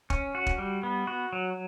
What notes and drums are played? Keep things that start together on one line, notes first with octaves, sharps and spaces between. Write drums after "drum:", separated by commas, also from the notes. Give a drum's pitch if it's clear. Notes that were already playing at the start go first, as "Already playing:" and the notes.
C#4, drum: kick
F#4
drum: kick
G3
B3
F#4
F#3